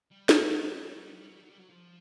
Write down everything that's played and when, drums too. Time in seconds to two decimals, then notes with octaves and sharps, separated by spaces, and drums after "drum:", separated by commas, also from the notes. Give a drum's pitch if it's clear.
0.11 G3
0.29 F3, drum: snare
0.47 F#3
0.64 F#3
0.72 G3
0.80 F#3
0.88 G3
0.96 F#3
1.03 G3
1.11 F#3
1.19 G3
1.27 F#3
1.34 G3
1.42 F#3
1.50 G3
1.58 F#3
1.70 F3